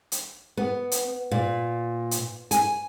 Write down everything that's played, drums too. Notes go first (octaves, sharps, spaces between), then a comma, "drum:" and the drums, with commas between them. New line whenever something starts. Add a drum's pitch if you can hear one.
drum: hi-hat
B3
drum: hi-hat
A#2
drum: hi-hat
G#5, drum: hi-hat